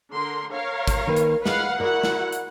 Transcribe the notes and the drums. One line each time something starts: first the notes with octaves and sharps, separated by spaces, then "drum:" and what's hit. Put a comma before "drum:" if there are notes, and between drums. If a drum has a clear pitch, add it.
D3 A#4 C6
A#4 C#5 F5
drum: kick, hi-hat
D#3 A#3 B4
drum: hi-hat
G#3 B4 F5 F#5, drum: snare
E4 F#4 A#4 D5 F#5
drum: snare
drum: hi-hat